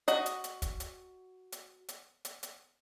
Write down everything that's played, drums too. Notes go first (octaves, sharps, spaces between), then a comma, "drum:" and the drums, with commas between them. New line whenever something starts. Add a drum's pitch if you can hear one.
F#4 D#5, drum: hi-hat
drum: hi-hat
drum: hi-hat
drum: kick, hi-hat
drum: hi-hat
drum: hi-hat
drum: hi-hat
drum: hi-hat
drum: hi-hat